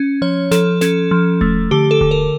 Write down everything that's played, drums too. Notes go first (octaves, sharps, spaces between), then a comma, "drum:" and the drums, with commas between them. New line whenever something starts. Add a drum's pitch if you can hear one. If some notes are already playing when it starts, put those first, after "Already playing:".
Already playing: C#4
F3 C#5
F3 A4, drum: snare
C#4 A4, drum: snare
F3
A3, drum: kick D#1
D3 G4
A4
D3, drum: kick D#1
A#4